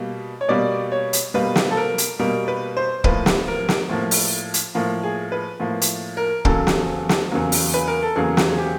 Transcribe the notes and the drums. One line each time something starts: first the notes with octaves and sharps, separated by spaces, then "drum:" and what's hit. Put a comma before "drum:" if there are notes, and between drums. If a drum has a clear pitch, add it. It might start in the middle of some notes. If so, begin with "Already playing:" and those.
Already playing: B2 G3 A#3
C#5
B2 G3 A#3 D5
C#5
drum: hi-hat
B2 G3 A#3 B4
drum: snare
A4
A#4
drum: hi-hat
B2 G3 A#3 A#4
B4
C5
A2 F3 A#3 B4, drum: kick
drum: snare
A#4
drum: snare
A2 F3 A#3
drum: open hi-hat
drum: hi-hat
A2 F3 A#3
G#4
B4
A2 F3 A#3
drum: hi-hat
A#4
E2 C#3 F#3 A#3 A4, drum: kick
drum: snare
drum: snare
E2 C#3 F#3 A#3
drum: open hi-hat
B4
A#4
A4
E2 C#3 F#3 A#3 G#4
drum: snare
G#4
G4